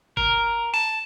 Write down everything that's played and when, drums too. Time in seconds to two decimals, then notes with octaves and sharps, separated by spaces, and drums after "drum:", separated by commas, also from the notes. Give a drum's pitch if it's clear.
0.17 A#4, drum: kick G1
0.74 A5, drum: open hi-hat